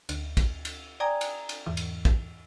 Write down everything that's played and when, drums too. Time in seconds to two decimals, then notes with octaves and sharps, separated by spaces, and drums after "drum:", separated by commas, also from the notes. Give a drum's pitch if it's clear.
0.09 D2, drum: cymbal
0.37 drum: kick, cymbal
0.65 drum: cymbal
1.00 D5 G5 G#5 A#5 D#6 G#6
1.21 drum: cymbal
1.49 drum: cymbal
1.66 E2 G#2 E3
1.77 drum: cymbal
2.05 drum: kick